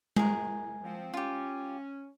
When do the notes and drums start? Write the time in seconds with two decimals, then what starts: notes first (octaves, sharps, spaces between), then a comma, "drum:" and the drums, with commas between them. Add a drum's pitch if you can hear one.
0.16 G#4 A#4, drum: tom G#3
0.84 F3 C4
1.14 C#4 F4 G4